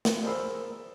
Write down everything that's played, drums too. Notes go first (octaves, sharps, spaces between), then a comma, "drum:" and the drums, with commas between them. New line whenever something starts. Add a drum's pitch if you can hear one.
drum: snare
G#4 A#4 C5 D5 B5 E6